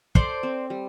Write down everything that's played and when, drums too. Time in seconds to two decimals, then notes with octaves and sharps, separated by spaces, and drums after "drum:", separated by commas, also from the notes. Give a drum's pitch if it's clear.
0.15 A4 C5 D5, drum: kick
0.43 C4
0.70 G3